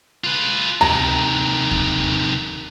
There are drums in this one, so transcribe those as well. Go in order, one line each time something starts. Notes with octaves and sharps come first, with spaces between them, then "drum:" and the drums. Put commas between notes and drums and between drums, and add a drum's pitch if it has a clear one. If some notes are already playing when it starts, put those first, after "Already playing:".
F4 B4
C3 D#3 A#5, drum: tom
drum: kick D#2